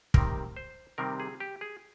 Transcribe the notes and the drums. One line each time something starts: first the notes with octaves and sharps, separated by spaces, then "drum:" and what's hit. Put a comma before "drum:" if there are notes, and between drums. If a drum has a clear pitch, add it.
C3 D#3 G3 C4 A#4, drum: kick
C5
C3 D#3 G3 C4 A#4
G#4
G4
G#4